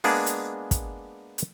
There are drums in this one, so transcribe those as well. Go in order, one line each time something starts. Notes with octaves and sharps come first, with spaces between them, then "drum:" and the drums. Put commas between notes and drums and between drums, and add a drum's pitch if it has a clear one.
G#3 A#3 B3 D4 G#4, drum: open hi-hat
drum: hi-hat
drum: kick, hi-hat
drum: hi-hat